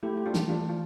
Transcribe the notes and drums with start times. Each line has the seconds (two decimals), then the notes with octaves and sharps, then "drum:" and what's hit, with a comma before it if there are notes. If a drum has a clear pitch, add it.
0.03 A3 E4 G4
0.17 G4
0.26 D4 F4
0.34 E3, drum: snare
0.49 D4 F4
0.69 F4